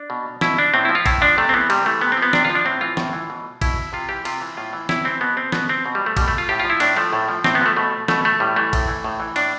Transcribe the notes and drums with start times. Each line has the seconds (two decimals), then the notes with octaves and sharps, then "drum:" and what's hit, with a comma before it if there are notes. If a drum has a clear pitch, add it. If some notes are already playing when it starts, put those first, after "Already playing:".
Already playing: D4
0.10 B2
0.41 B2 E4, drum: snare
0.58 D4
0.74 A2 C4
0.85 F3 E4
0.95 F4
1.06 A2 E4, drum: kick, cymbal
1.21 F3 D4
1.38 C3 A3
1.49 C4
1.54 E3 B3
1.70 C3 G3, drum: cymbal
1.86 E3 A3
2.01 C3 B3
2.12 C4
2.17 F3 B3
2.33 C3 D4, drum: snare
2.45 F4
2.50 F3
2.55 D4
2.65 A2 C4
2.81 E3 F4
2.97 A2, drum: snare
3.13 E3
3.30 B2
3.61 B2 E4, drum: kick, cymbal
3.93 C3 F4
4.09 E3 G4
4.25 C3 F4, drum: cymbal
4.41 E3
4.57 A2 F4
4.73 E3
4.89 A2 E4, drum: snare
5.05 E3 C4
5.21 B2 B3
5.37 C4
5.52 B2 B3, drum: snare
5.69 C4
5.86 B2
5.95 G3
6.06 A3
6.17 B2 G3, drum: kick, cymbal
6.28 A3
6.38 F4
6.49 A2 G4
6.60 F4
6.65 F3 E4
6.80 A2 D4, drum: cymbal
6.97 F3 A3
7.13 A2
7.29 F3
7.44 A2 C4, drum: snare
7.55 B3
7.61 F3 A3
7.77 B2 A3
8.08 B2 A3, drum: snare
8.25 A3
8.40 A2 G3
8.56 E3 A3
8.73 A2, drum: kick, cymbal
8.88 E3
9.04 A2
9.20 E3
9.36 A2 D4, drum: cymbal